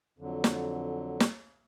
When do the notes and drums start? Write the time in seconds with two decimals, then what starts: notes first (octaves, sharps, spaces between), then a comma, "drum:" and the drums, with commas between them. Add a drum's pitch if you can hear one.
0.18 F2 D3 F#3
0.44 drum: snare
1.20 drum: snare